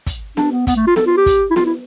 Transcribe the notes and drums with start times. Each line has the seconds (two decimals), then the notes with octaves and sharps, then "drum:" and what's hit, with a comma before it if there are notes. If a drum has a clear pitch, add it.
0.07 drum: kick, hi-hat
0.37 D4, drum: snare B3
0.52 B3
0.67 B3, drum: kick, hi-hat
0.76 A3
0.87 F4
0.96 A4, drum: snare B3
1.06 F4
1.17 G4
1.26 drum: kick, hi-hat
1.50 E4
1.56 F4, drum: snare B3
1.66 E4